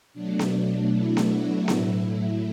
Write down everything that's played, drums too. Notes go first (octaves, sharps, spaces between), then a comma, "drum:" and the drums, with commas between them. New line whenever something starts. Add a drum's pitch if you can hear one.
B2 F#3 A3 D4
drum: snare B3
E4
drum: snare B3
F#4
A2 F#3 A3 E4, drum: snare B3